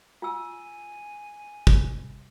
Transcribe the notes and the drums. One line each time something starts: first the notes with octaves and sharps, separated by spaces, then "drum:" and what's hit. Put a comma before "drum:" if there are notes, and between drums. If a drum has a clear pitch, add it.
F4 G#5 E6
drum: kick